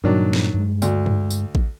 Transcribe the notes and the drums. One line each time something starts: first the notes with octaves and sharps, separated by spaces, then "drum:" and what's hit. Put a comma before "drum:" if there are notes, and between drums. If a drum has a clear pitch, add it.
G2 A#2 D#3 F#3 D4
drum: snare
G2 G#3
D2, drum: tambourine
drum: tom G2
drum: tambourine
drum: kick A1